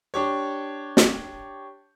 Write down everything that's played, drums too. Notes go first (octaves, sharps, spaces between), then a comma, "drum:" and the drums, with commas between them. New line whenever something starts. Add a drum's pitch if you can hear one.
D4 G4 C#5
drum: snare